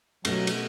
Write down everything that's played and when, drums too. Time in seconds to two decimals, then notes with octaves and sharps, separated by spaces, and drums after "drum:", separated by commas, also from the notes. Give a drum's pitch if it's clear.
0.25 B2 F#3 A3 C#4, drum: cymbal
0.47 drum: cymbal